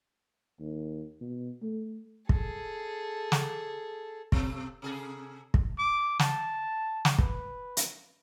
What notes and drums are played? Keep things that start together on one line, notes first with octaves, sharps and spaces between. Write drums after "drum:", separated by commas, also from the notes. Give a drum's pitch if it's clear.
D#2
B2
A3
G#4 A4, drum: kick
drum: snare
B2 A4, drum: kick
C3 G#4 A4
drum: kick
D6
A5, drum: snare
drum: snare
B4, drum: kick
drum: hi-hat